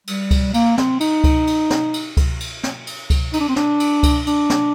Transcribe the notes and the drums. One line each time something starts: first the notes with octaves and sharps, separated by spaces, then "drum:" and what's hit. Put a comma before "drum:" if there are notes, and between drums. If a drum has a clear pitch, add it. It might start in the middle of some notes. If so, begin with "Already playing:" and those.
G3, drum: cymbal
drum: kick C#2, cymbal
A#3, drum: cymbal
C4, drum: snare
D#4, drum: cymbal
drum: kick C#2, cymbal
drum: cymbal
drum: snare
drum: cymbal
drum: kick C#2, cymbal
drum: cymbal
drum: snare
drum: cymbal
drum: kick C#2, cymbal
D#4, drum: cymbal
D4
C4
D4, drum: snare
drum: cymbal
drum: kick C#2, cymbal
D4, drum: cymbal
drum: snare